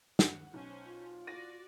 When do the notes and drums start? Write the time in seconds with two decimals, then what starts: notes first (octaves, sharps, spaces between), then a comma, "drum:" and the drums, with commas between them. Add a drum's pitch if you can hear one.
0.19 F#5, drum: snare
0.53 B1 C#4 C5
0.86 F4
1.27 F#4 D5 A#6 D#7